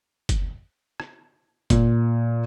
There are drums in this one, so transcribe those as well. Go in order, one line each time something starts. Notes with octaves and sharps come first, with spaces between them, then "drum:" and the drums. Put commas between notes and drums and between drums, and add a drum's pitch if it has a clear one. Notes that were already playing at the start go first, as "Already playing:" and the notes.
drum: kick F#1, hi-hat
drum: rim click
A#2, drum: kick F#1, hi-hat